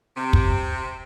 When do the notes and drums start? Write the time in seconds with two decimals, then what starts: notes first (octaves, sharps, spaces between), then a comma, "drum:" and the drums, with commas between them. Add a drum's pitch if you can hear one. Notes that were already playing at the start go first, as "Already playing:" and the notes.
0.16 C3
0.33 drum: kick